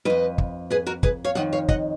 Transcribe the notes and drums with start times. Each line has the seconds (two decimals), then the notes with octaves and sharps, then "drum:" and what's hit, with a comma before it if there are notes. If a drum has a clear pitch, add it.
0.05 F2 D#3 B4 D#5
0.38 drum: kick
0.70 G#4 B4
0.87 F#4 A#4
1.03 G#4 B4, drum: kick
1.24 C#5 F5
1.35 F2 D#3 D#5 F#5
1.53 C#5 F5
1.68 D#5 F#5, drum: kick